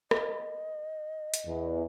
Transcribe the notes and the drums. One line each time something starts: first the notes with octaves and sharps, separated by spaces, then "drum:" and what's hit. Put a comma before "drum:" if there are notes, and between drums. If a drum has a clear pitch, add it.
D#5, drum: rim click
drum: hi-hat
E2